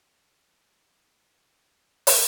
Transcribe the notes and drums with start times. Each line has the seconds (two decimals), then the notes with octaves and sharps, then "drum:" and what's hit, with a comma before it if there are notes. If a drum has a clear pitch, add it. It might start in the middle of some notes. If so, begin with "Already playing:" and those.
0.13 F3 G3 D#4 F#4
2.07 drum: open hi-hat